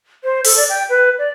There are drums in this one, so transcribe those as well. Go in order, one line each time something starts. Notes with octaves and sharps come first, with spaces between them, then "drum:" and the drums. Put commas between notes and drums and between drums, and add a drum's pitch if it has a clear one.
C5
A4, drum: open hi-hat
D5
G5
B4
D5